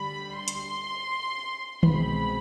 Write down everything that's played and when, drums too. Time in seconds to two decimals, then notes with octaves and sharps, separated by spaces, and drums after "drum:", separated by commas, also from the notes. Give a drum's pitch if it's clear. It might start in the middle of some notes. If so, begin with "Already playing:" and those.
Already playing: D2 D3 G3 B5
0.38 C6
0.48 drum: hi-hat
1.83 C2 B2 G#3 C4 B5, drum: tom D#3